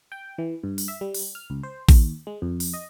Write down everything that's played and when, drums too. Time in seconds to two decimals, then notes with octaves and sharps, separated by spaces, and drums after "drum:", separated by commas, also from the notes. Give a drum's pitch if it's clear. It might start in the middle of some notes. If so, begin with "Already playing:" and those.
0.12 G5
0.38 E3
0.63 G2
0.78 drum: open hi-hat
0.88 E5
1.01 G3
1.14 drum: open hi-hat
1.35 F6
1.50 C#2
1.63 C5
1.89 D#2, drum: kick A1, open hi-hat
2.27 G#3
2.42 F2
2.60 drum: open hi-hat
2.74 D#5